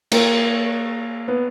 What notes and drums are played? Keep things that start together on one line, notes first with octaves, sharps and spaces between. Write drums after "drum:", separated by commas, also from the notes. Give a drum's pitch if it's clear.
A#3, drum: cymbal
B3